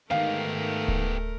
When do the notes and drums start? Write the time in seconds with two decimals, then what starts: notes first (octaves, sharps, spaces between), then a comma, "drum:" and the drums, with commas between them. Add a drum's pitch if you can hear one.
0.11 G#2 D#3 A3 B3 G4 A#4 F5
0.88 drum: kick D1